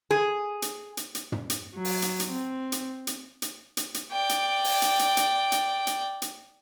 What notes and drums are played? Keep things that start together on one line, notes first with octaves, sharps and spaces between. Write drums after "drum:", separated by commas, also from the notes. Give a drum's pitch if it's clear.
G#4
drum: hi-hat
drum: hi-hat
drum: hi-hat
drum: tom
drum: hi-hat
F#3
drum: open hi-hat
drum: hi-hat
drum: hi-hat
C4
drum: hi-hat
drum: hi-hat
drum: hi-hat
drum: hi-hat
drum: hi-hat
D5 G5
drum: hi-hat
drum: open hi-hat
drum: hi-hat
drum: hi-hat
drum: hi-hat
drum: hi-hat
drum: hi-hat
drum: hi-hat